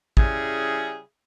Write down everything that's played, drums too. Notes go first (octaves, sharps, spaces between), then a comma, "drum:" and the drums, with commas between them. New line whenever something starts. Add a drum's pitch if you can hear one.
C#3 G3 E4 G#4, drum: kick